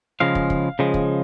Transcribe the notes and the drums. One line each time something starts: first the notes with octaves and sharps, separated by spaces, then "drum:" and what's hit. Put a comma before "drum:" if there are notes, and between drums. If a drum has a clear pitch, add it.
C#3 F3 G#3 F5
drum: kick
drum: kick
C#3 F3 G#3
drum: kick